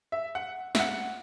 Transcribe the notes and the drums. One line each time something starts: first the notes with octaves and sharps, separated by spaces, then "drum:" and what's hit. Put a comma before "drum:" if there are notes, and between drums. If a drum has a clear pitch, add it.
E5
F#5
E5, drum: snare
F#5